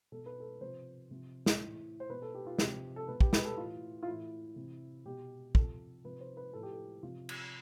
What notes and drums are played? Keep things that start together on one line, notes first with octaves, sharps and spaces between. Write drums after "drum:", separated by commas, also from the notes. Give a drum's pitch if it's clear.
B2 A4
B4
A4
C3 F3 C5
C3 F3
drum: snare
A2 E3
C5
B2 B4
A4
G4
F4
C3 F3 G4, drum: snare
A4
B2 B4
G4, drum: kick
B4, drum: snare
A4
A2 E3 F4
F4
A2 E3 E4
C3 E3
B2 G4
C3 F3 A4, drum: kick
C3 F3 B4
C5
B4
A2 F3 A4
G4
A4
C3 F3 F4
drum: cymbal